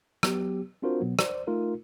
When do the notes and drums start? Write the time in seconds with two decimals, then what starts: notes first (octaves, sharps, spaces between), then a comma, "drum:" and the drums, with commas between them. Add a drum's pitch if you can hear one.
0.23 F#3 B3 G4, drum: rim click
0.82 C4 D4 F4 F#4 A#4 C5
1.01 B2 F#3 B3
1.19 C5 D5, drum: rim click
1.47 A3 D#4 F4 A#4